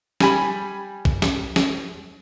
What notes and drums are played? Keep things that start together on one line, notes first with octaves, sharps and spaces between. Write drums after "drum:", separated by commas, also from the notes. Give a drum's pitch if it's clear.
G3 G#5 B5, drum: snare
drum: kick
drum: snare
drum: snare